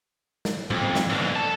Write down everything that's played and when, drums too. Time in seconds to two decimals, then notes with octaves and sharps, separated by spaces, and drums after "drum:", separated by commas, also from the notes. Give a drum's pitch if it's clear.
0.45 drum: snare
0.70 F2, drum: tom G#2
0.95 drum: snare
1.10 B1 D3
1.36 A4 A5